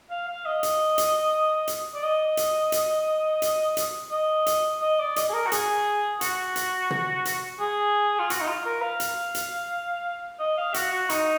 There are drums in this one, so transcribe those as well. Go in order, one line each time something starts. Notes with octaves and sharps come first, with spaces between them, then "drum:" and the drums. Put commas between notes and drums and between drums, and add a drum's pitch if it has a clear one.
F5
F5
D#5
drum: hi-hat
drum: hi-hat
drum: hi-hat
D5
D#5
drum: hi-hat
drum: hi-hat
drum: hi-hat
drum: hi-hat
D#5
drum: hi-hat
D#5
D5
D#5, drum: hi-hat
G#4
A#4
F#4
G#4, drum: hi-hat
F#4, drum: hi-hat
drum: hi-hat
drum: tom
drum: hi-hat
G#4
F4
F#4, drum: hi-hat
D#4
F4
A#4
F5
drum: hi-hat
drum: hi-hat
D#5
F5
F#4, drum: hi-hat
F#4
D#4, drum: hi-hat